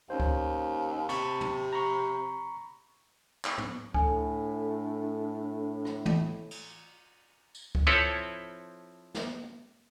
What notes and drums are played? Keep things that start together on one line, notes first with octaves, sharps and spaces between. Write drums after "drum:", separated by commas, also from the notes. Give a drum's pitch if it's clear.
D#2 C#4 C5
drum: kick C#2
C3 A5 B5 C#6, drum: cymbal
drum: tom
A#5 B5 C#6
drum: clap
drum: tom
A2 D4 A4 G#5, drum: kick C#2
drum: rim click
drum: tom
drum: cymbal
drum: tambourine
drum: kick C#2
F3 C4 E4 A4 B4 C#5
drum: snare